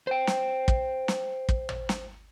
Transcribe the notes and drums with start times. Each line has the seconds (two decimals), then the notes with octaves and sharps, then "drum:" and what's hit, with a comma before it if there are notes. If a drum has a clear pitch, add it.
0.07 C5 G5
0.27 drum: snare
0.68 drum: kick
1.08 drum: snare
1.49 drum: kick
1.69 drum: tom
1.89 drum: snare